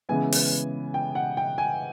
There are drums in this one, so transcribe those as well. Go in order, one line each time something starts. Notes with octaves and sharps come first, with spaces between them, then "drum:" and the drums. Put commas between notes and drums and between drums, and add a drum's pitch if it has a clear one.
C#3 E3 G#3 B3 G#5
drum: open hi-hat
G5
F#5
G5
G#5